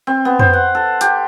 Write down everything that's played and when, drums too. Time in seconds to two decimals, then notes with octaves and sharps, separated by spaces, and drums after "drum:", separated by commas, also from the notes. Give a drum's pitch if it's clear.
0.07 C4
0.25 B3
0.39 C5, drum: tom F2
0.53 F#5
0.75 A4
1.01 G4, drum: hi-hat